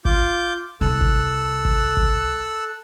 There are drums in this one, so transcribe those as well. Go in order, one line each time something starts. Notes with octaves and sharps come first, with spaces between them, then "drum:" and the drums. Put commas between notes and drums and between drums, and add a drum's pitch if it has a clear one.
F4 D6 G6, drum: kick
C2 A4 E6 F#6
drum: kick
drum: kick
drum: kick